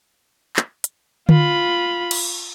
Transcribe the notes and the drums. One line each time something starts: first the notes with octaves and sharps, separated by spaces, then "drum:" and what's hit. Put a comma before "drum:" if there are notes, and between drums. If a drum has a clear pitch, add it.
drum: clap
drum: hi-hat
F4 B5, drum: tom D3
drum: cymbal